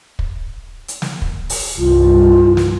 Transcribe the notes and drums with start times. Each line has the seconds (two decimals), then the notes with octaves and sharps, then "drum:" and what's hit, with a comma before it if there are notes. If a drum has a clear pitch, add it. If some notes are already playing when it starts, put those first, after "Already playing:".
0.19 drum: kick
0.88 drum: hi-hat
1.02 drum: snare
1.22 drum: kick
1.50 drum: open hi-hat
1.78 C2 G2 F4
2.57 drum: snare